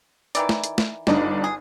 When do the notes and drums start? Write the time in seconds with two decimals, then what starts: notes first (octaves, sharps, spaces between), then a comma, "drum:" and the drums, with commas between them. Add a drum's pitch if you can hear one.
0.35 D#3 E3 D5, drum: hi-hat
0.49 drum: snare
0.64 drum: hi-hat
0.78 drum: snare
1.07 G1 D4 D#4, drum: snare
1.44 G#4